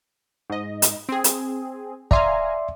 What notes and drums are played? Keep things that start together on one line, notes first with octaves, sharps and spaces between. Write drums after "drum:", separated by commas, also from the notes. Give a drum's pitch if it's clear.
G#2 D#5
drum: hi-hat
C4 G#4
drum: hi-hat
D5 E5 F5 G#5 A#5 C6, drum: kick